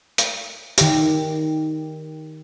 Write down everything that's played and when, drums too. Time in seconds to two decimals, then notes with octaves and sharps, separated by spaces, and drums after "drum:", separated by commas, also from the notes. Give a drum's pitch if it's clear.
0.18 drum: hi-hat
0.78 D#3 G4, drum: hi-hat